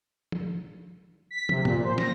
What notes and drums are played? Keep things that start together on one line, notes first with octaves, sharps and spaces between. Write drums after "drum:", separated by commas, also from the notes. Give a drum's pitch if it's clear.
drum: tom
B6
C3, drum: tom
A#2, drum: tom
C5
A#6, drum: snare